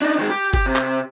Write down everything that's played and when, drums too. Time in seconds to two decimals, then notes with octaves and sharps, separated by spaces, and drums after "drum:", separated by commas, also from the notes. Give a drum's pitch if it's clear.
0.02 D4 D#4
0.18 D#3 G#3
0.30 G4
0.54 G4, drum: kick G1
0.66 C3
0.76 drum: clap